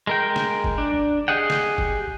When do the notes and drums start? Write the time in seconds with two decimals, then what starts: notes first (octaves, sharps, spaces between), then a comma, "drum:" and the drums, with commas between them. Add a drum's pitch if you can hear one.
0.07 G#3 A#4 G5
0.36 drum: snare
0.64 drum: kick
0.78 D4
1.28 G4 G#4 D#5 F#5 G5
1.50 drum: snare
1.78 drum: kick